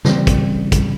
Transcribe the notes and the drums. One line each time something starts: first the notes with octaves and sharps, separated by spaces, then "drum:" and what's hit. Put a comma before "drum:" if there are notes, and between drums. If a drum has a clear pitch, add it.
C#3 E3 G3 C4, drum: snare
drum: kick, hi-hat
drum: kick, hi-hat